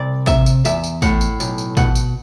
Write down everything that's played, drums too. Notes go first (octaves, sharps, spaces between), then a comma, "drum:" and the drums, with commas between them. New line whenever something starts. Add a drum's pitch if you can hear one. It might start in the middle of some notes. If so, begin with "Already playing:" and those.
Already playing: C2 D5
C3 E5, drum: kick, tambourine
drum: tambourine
E2 E5, drum: tambourine
drum: tambourine
A2 F#5, drum: kick, tambourine
drum: tambourine
B1, drum: tambourine
drum: tambourine
B2 F#5, drum: kick, tambourine
drum: tambourine